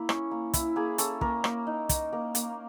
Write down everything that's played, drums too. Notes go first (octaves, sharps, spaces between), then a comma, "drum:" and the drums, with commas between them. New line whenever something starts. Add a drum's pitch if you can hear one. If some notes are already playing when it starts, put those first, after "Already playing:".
Already playing: A#3 E4
C#4, drum: rim click
A#3
E4, drum: kick, hi-hat
A#3 G#4
C#4 A4, drum: hi-hat
A#3 A#4, drum: kick
A#3, drum: rim click
D#4
D#4, drum: kick, hi-hat
A#3 A#4
A#3, drum: hi-hat